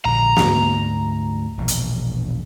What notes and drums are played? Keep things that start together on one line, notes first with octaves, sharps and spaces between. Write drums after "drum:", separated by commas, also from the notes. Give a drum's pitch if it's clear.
A#1 D3 A#5
D2 G#2, drum: snare
E1 A#1 B2
drum: hi-hat